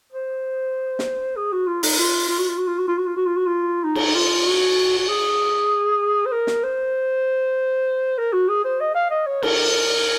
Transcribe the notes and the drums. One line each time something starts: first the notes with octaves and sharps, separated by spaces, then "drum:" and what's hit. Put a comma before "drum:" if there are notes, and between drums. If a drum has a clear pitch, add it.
C5
drum: snare
G#4
F#4
F4
D#4, drum: open hi-hat
F4
F4
F#4
F4
F#4
F4
F#4
F4
F#4
F4
F#4
F4
F#4
F4
D#4
drum: cymbal
F4
F#4
F#4
G#4
C5
A#4
drum: snare
C5
A#4
F#4
G#4
C5
D#5
F5
D#5
C#5
A#4, drum: cymbal